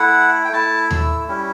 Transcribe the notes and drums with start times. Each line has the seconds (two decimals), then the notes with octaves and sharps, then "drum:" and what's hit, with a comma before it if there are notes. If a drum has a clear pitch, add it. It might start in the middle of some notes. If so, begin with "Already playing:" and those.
Already playing: A3 E4 F#5
0.45 G5
0.53 A3 E4 A5
0.91 E6, drum: tom D#2
1.28 G3 C#4 E4